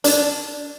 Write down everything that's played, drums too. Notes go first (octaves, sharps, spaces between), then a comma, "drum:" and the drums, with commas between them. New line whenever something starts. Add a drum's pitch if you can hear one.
D4, drum: hi-hat